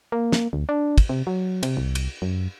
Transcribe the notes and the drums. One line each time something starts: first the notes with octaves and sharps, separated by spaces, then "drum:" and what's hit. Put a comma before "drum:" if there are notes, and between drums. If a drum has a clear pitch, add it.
A#3
drum: snare
D2
D4
drum: kick, cymbal
C3
F#3
C3, drum: cymbal
C2
drum: cymbal
F#2